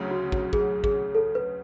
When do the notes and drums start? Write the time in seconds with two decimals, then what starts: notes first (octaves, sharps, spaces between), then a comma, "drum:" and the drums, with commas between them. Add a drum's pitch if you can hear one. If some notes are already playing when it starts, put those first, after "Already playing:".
Already playing: D2 C#3 F#3
0.11 F#4
0.32 F#4, drum: kick
0.53 G#4, drum: kick
0.84 G#4, drum: kick
1.15 A4
1.35 B4